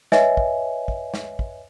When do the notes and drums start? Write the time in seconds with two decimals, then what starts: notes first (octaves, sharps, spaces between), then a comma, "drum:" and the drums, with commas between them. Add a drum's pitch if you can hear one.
0.12 B4 C#5 D#5 E5 G#5, drum: snare
0.37 drum: kick
0.88 drum: kick
1.14 drum: snare
1.39 drum: kick